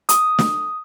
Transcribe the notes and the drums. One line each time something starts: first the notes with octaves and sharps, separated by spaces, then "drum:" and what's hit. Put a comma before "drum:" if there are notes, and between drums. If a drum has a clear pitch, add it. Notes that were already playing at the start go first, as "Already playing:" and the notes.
D#6, drum: hi-hat
drum: snare